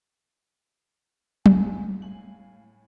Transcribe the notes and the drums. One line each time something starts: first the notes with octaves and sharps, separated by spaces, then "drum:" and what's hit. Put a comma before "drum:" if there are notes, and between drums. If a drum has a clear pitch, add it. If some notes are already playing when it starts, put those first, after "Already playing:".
C#2 G#5, drum: tom
A2 F5 G#5 F#7